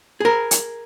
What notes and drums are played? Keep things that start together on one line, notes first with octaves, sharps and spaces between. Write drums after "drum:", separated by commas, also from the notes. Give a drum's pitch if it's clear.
G#4 A#4
drum: hi-hat